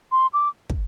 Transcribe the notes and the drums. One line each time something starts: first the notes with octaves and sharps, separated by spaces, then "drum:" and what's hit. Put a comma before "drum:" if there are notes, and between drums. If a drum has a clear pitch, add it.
C6
D6
drum: kick